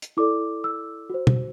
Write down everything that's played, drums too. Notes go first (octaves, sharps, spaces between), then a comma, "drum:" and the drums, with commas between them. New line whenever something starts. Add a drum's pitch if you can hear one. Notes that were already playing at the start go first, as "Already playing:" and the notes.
drum: hi-hat
E4 A4 D5 D6
E6
F#4 C5
drum: tom